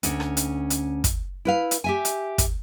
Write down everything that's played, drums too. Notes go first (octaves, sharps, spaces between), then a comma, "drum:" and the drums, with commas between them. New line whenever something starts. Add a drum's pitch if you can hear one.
D2 C#4, drum: hi-hat
drum: rim click
drum: hi-hat
drum: hi-hat
drum: kick, hi-hat
E4 B4 F5
drum: hi-hat
G4 E5 G#5
drum: hi-hat
drum: kick, hi-hat